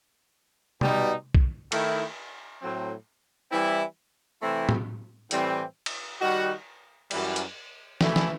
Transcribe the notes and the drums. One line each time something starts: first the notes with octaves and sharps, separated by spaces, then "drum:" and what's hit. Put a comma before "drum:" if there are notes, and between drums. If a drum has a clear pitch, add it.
B2 G3 D#4, drum: tom C3
drum: kick B1
D#3 A3 E4, drum: cymbal
A2 F#3 C4
E3 G3 C4 E4
C3 E3 A3 C4 E4
drum: tom A2
A2 E3 G3 C4, drum: hi-hat
drum: cymbal
D#3 G3 D#4 F#4
F#2 E3 G3, drum: cymbal
drum: hi-hat
E3 A3 E4, drum: snare
drum: snare